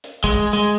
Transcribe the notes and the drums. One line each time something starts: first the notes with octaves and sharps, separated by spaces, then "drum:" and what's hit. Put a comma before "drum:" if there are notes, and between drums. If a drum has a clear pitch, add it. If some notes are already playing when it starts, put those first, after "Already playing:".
drum: hi-hat
G#3, drum: kick
G#3